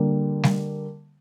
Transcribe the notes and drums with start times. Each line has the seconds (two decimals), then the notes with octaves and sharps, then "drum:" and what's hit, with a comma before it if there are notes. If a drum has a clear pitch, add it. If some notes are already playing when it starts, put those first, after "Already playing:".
Already playing: D3 G3 A#3
0.43 drum: snare